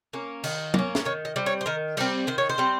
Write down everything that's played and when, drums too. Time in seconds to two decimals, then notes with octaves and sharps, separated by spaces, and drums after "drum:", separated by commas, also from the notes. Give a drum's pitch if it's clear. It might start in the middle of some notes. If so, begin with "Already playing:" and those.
0.13 A#3 C#4
0.44 D#3, drum: cymbal
0.74 A#3 C#4, drum: tom
0.95 drum: snare
1.05 D#3 C#5
1.25 D#5
1.36 G3 C4
1.46 C#5
1.61 C5
1.66 D#3 A#4
1.97 G3 C4 A#4, drum: cymbal
2.27 D#3 C5
2.38 C#5
2.49 C5
2.58 G3 C4